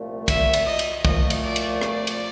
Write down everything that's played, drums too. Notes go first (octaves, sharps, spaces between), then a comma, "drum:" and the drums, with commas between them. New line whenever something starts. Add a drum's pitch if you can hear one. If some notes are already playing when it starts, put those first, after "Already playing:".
Already playing: C2 A#2 F3 A3
E5, drum: kick, cymbal
drum: cymbal
D#5
drum: cymbal
A#2 F3 A3 D#5, drum: kick
drum: cymbal
D5
drum: cymbal
D5, drum: rim click
drum: cymbal